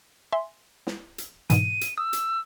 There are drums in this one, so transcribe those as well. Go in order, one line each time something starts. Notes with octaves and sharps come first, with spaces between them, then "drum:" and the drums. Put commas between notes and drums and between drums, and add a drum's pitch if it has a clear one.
E5 G#5 C6
drum: snare
drum: hi-hat
G#2 B2 E3 D#7, drum: hi-hat
drum: hi-hat
D#6 E6
drum: hi-hat